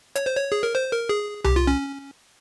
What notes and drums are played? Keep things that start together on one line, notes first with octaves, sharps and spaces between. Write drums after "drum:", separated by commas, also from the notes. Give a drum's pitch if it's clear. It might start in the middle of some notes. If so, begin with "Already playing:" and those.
C#5, drum: hi-hat
C5
C#5
G#4
A#4
C5
A#4
G#4
G4, drum: tom C2
F4
C#4